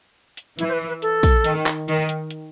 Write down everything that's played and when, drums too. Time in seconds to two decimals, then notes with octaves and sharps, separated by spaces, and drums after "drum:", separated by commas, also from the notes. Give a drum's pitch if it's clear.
0.37 drum: hi-hat
0.59 E3 E4, drum: hi-hat
0.69 C5
0.73 B4
0.88 B4
1.02 A4, drum: hi-hat
1.23 drum: kick, open hi-hat
1.44 D#3, drum: hi-hat
1.66 drum: clap
1.88 D#3, drum: hi-hat
2.09 drum: hi-hat
2.31 drum: hi-hat